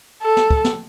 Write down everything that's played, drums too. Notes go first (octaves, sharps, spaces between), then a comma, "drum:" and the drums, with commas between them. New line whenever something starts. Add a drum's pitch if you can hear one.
A4
drum: snare
drum: kick
drum: snare